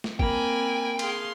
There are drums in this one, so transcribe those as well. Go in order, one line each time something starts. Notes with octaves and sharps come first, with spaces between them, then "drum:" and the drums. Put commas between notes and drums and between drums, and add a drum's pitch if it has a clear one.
drum: snare
A#3 C4 G5 G#5 B5, drum: kick
G#4 F5 C6, drum: cymbal